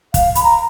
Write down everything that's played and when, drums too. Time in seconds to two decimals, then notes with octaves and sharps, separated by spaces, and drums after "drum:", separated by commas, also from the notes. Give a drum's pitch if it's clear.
0.14 F5, drum: kick, hi-hat
0.35 B5, drum: hi-hat
0.44 A#5